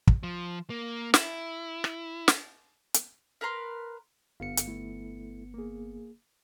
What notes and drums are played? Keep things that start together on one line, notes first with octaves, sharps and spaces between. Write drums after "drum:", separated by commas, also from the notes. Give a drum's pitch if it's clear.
drum: kick
F3
A#3
E4, drum: snare
drum: rim click
drum: snare
drum: hi-hat
A#4 B4 A#5 C6
G1 F#2 B3 F5 C#7
drum: hi-hat
A3 E4 A4
A#3 G#4